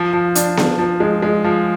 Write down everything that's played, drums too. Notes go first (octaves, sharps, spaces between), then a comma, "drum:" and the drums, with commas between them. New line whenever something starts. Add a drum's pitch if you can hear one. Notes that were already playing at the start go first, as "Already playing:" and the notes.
Already playing: F3
F3
D4, drum: hi-hat
D4, drum: snare B3
F3
G#3
G#3
F3